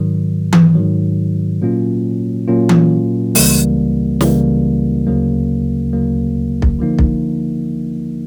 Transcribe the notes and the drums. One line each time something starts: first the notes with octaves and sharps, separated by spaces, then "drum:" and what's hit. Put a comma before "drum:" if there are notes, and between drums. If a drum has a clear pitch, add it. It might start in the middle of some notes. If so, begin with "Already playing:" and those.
Already playing: G#2 D#3 F#3
drum: tom E3
G#2 D#3 F#3
A#2 F#3 A#3 C#4 F4
A#2 F#3 A#3 C#4 F4
drum: tom E3
C#2 C#3 E3 G3 A#3, drum: open hi-hat
C#2 C#3 E3 G3 A#3, drum: snare
D2 C#3 F#3 A#3
D2 C#3 F#3 A#3
drum: kick B1
D3 F3 A#3 D#4
drum: kick B1